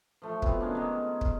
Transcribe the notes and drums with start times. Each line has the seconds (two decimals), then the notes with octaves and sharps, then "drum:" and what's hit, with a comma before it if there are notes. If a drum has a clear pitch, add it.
0.22 F3 A3
0.42 B2 B3 C4, drum: kick
0.61 D#3 G#3 C#4 D4
0.75 D#3 G#3
1.21 drum: kick